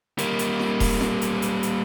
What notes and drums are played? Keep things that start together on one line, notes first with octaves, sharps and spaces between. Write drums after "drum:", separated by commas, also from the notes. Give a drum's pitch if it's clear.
G3 A#3, drum: hi-hat
drum: hi-hat
drum: snare
drum: kick E1, open hi-hat
drum: snare
drum: hi-hat
drum: hi-hat
drum: hi-hat